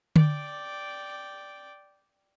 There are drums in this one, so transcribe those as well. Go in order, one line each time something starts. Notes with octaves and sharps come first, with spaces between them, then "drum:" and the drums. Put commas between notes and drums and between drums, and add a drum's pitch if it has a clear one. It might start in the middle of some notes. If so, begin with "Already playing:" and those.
D5 G5, drum: tom D3